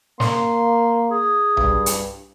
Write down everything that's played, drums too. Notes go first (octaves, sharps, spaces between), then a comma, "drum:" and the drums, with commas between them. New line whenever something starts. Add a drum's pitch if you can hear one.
A#3 C6, drum: snare
G#4
G2, drum: tom B1
drum: hi-hat